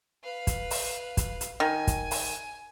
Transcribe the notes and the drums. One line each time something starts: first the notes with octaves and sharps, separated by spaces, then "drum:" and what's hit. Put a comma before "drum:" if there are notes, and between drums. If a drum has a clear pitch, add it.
B4 F5
drum: kick, hi-hat
drum: open hi-hat
drum: kick, hi-hat
drum: hi-hat
D#3 G#5
drum: kick, hi-hat
drum: open hi-hat